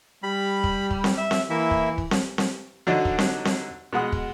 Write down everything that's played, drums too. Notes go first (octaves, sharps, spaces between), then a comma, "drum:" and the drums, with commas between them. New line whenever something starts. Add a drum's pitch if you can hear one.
G3 B5
drum: kick
drum: kick
drum: snare C4
E5
drum: snare C4
E3 A#3 E4 E5
drum: kick
drum: kick
drum: snare C4
drum: snare C4
D3 F#3 D4 D#4
drum: kick
drum: snare C4
drum: snare C4
B2 G#3 F#5 D#6
drum: kick